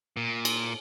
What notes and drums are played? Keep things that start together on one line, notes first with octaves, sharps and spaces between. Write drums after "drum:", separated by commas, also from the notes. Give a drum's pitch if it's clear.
A#2
drum: cymbal